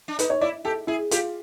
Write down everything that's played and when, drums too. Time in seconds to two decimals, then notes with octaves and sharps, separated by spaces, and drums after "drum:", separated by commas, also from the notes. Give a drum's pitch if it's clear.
0.08 D4
0.19 D#4 B4, drum: hi-hat
0.30 C#5
0.41 E4 D5
0.65 G4 A4
0.87 E4 G#4
1.11 F4 G4, drum: hi-hat